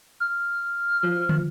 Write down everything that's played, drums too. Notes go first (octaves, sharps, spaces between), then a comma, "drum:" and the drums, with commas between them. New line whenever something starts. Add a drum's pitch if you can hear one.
F6
F3
drum: tom